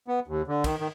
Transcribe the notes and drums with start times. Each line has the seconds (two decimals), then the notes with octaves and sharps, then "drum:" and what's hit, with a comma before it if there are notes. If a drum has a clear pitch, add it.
0.08 B3
0.28 D#2
0.47 D3
0.64 D#3, drum: kick, cymbal
0.80 D#3